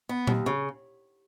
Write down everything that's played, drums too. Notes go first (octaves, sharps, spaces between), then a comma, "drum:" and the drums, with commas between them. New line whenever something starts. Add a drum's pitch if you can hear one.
B3
D#2, drum: tom A#2
C#3